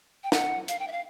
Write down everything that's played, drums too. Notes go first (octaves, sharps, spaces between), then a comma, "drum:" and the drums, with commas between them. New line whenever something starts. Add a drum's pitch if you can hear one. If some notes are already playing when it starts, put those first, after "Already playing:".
G5
F#5, drum: snare
F5, drum: hi-hat
G5
E5
F5